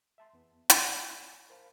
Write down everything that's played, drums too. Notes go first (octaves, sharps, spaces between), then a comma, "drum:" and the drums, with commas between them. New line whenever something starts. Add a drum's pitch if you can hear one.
E5 A5 C6
E2 B3
drum: hi-hat
G#5 A5 B5
A#4 C5 F5 A5 B5